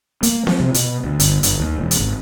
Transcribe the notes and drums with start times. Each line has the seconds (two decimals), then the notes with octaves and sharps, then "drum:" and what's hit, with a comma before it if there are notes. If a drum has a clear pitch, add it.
0.23 A#3, drum: hi-hat
0.47 F3, drum: snare C4
0.60 C3
0.74 B2, drum: hi-hat
1.04 D2
1.20 G1, drum: hi-hat
1.43 G1, drum: hi-hat
1.60 D#2
1.79 E1
1.91 drum: hi-hat
2.00 G#1